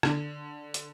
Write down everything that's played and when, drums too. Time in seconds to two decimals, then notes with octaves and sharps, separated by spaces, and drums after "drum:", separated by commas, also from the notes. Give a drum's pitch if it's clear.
0.03 D3, drum: rim click
0.74 drum: hi-hat